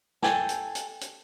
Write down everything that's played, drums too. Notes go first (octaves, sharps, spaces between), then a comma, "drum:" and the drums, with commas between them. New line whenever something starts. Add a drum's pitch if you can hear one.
A4 G5 G#5, drum: snare
drum: hi-hat
drum: hi-hat
drum: hi-hat